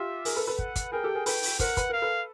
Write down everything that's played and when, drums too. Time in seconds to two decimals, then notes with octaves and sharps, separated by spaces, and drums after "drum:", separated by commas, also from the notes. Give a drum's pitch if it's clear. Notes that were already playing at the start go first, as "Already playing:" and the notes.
Already playing: F4 G4 E5
0.25 G#4 A#4, drum: open hi-hat
0.36 A4 B4
0.47 A4 B4
0.59 F#5, drum: kick
0.76 drum: kick, hi-hat
0.92 G#4 A#4 G5
1.04 G4 A4
1.15 G#4 A#4
1.26 A4 B4 G5, drum: open hi-hat
1.43 drum: open hi-hat
1.59 A#4 C5 F#5, drum: kick, hi-hat
1.77 B4, drum: kick, hi-hat
1.90 A#4 F5
2.02 A4 B4